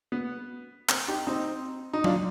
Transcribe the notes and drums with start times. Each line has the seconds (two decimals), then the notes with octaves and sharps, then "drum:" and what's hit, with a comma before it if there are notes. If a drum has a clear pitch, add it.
0.12 B3
0.89 C4, drum: clap
1.08 D#4 G4
1.27 C4 D#4
1.93 D#4
2.04 D4 F4, drum: tom F#3